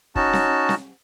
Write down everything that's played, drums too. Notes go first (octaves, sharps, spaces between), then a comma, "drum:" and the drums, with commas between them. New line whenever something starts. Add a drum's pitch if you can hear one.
C#4 D#4 F#4 A5, drum: kick
drum: snare
drum: snare